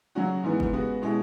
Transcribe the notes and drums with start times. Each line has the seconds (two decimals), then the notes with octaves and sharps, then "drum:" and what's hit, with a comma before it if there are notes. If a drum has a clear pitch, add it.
0.15 C#3 F#3 C#4 F#4
0.44 G#2 E3 B3
0.60 drum: kick F#1
0.73 C#3 G#3 B3 F#4
1.02 B2 G#3 C#4 E4